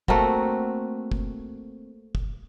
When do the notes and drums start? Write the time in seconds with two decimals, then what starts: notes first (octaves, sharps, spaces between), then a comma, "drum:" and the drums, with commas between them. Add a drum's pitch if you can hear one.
0.08 A3 A#3 C4 F#4, drum: kick
1.12 drum: kick
2.15 drum: kick